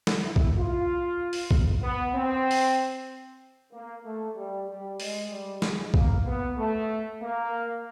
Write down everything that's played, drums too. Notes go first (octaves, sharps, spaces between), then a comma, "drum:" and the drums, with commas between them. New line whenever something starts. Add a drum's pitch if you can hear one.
drum: snare
E4
drum: kick B1
F4
drum: open hi-hat
drum: kick B1
B3
C4
drum: open hi-hat
A#3
A3
G3
G3
G#3, drum: open hi-hat
G3
G#3, drum: snare
A#3, drum: kick B1
B3
A3
A#3